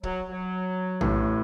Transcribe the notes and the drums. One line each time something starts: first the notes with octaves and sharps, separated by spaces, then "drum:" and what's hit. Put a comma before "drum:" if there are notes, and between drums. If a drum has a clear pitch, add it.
F#3, drum: kick
F#3
A1 A2, drum: tom A#1